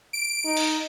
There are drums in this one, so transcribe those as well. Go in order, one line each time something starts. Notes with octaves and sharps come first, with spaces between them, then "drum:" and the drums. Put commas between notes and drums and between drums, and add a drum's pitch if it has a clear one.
D7
D#4
drum: open hi-hat